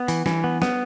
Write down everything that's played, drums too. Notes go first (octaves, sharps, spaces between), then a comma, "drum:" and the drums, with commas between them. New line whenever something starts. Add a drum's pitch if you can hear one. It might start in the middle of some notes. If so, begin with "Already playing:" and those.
Already playing: B3
E3, drum: open hi-hat
E3, drum: snare
B3
B3, drum: snare